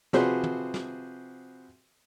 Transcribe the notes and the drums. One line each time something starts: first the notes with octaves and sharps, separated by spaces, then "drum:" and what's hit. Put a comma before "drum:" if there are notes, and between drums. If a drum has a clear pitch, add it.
C3 F3 F#4 G#4 B4 C5, drum: snare
drum: tom
drum: snare